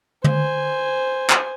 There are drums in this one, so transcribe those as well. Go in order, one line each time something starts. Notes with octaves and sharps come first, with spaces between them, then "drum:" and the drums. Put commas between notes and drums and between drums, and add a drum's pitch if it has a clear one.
C5 G#5, drum: tom
drum: clap